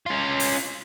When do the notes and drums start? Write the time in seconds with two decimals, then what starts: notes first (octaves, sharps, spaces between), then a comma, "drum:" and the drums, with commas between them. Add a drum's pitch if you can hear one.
0.06 C#4 F4
0.40 drum: open hi-hat